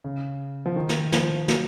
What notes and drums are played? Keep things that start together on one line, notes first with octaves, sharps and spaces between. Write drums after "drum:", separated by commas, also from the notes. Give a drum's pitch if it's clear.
C#3
F3
D#3
drum: snare
F3, drum: snare
F#3, drum: snare